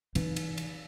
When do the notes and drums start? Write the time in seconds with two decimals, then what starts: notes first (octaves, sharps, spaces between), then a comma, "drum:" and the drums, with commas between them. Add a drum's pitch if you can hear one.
0.15 E3 D#4, drum: cymbal
0.36 drum: cymbal
0.58 drum: cymbal